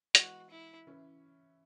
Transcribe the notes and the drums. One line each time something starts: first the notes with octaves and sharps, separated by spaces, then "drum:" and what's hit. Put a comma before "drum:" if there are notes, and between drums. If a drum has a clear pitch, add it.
E3 G#3 B3 F#4, drum: hi-hat
E4
E3 C#4 E4